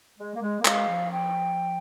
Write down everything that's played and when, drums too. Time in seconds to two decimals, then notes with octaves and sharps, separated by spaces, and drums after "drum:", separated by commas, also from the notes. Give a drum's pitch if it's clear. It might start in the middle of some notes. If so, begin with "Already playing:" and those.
0.19 G#3
0.35 A#3
0.42 G#3
0.60 A#3
0.65 G#3 F5, drum: clap
0.88 F3
1.11 G5